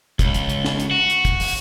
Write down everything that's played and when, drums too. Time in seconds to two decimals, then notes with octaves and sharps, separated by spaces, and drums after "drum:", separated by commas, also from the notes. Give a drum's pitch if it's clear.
0.19 C#2, drum: kick, hi-hat
0.34 drum: hi-hat
0.49 drum: hi-hat
0.65 drum: snare
0.80 drum: hi-hat
0.91 F#4
1.10 drum: hi-hat
1.25 drum: kick, hi-hat
1.40 drum: open hi-hat